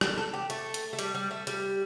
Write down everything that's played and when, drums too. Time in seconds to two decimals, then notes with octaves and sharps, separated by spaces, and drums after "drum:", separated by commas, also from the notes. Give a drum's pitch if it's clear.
0.01 A4, drum: rim click
0.18 A4
0.33 G4
0.50 A3, drum: hi-hat
0.74 drum: hi-hat
0.93 A3
0.99 G3, drum: hi-hat
1.15 G3
1.31 A3
1.47 G3, drum: hi-hat